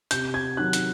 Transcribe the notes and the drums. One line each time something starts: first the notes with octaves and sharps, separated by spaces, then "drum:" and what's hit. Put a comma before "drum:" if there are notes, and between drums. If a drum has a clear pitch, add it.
C3 G6, drum: hi-hat
G#6
D#3 F#3 F#6
drum: hi-hat